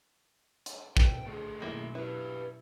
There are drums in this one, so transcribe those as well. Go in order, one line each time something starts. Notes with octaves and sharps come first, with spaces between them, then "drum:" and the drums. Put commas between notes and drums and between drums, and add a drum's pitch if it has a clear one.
drum: hi-hat
B2 G5, drum: kick
D3 A3 G#4
F#2 B2 D#3 A#3 E4
E4 G4 B4